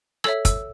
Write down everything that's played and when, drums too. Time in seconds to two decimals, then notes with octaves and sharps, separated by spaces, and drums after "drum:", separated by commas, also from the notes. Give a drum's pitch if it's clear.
0.24 A4 C#5 E5 E6, drum: rim click
0.45 E6, drum: kick, hi-hat